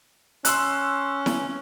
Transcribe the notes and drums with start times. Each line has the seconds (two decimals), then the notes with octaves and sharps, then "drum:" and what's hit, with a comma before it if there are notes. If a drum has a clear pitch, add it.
0.45 C#4 C6 E6 F#6, drum: hi-hat
1.26 drum: snare E4